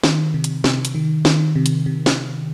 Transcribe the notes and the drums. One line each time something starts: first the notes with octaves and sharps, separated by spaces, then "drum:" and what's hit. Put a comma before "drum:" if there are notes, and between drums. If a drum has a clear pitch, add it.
D#3, drum: snare
C3
drum: hi-hat
C3, drum: snare
drum: hi-hat
D#3
D#3, drum: snare
C3
drum: hi-hat
C3
drum: snare